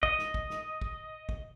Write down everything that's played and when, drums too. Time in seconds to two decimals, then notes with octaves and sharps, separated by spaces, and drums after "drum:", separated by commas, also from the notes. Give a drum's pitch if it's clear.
0.03 D#5, drum: kick
0.19 drum: snare
0.34 drum: kick
0.50 drum: snare
0.82 drum: kick
1.29 drum: kick